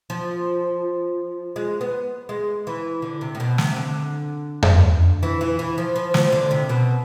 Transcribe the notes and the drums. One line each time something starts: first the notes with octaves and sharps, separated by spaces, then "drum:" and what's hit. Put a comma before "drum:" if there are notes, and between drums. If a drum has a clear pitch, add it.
F3
G#3
B3
G#3
E3
D3
C3
A2
B2
C3, drum: snare
D3
drum: tom F2
E3
E3
E3
F3
F3
F3, drum: snare
D3
C3
B2